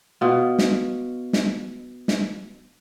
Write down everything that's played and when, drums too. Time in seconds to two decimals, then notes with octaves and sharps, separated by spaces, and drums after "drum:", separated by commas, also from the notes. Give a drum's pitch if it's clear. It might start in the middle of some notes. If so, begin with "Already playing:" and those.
0.21 B2 F4
0.59 drum: snare
1.33 drum: snare
2.08 drum: snare